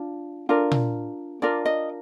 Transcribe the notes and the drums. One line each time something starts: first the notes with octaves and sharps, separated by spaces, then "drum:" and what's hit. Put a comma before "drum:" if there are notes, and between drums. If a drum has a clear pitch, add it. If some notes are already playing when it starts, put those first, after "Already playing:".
Already playing: D4 F4
D4 F4 A#4
drum: tom A#2
D4 F4 A#4 D5
D#5